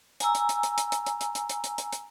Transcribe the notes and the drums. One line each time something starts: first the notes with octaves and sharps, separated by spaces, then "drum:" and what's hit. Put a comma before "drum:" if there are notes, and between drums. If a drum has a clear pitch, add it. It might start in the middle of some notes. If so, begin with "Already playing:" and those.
G#5 A#5 E6, drum: hi-hat
drum: hi-hat
drum: hi-hat
drum: hi-hat
drum: hi-hat
drum: hi-hat
drum: hi-hat
drum: hi-hat
drum: hi-hat
drum: hi-hat
drum: hi-hat
drum: hi-hat
drum: hi-hat